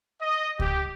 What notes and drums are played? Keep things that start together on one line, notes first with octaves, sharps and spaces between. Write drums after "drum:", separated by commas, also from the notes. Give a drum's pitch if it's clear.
D#5
G4, drum: kick C#2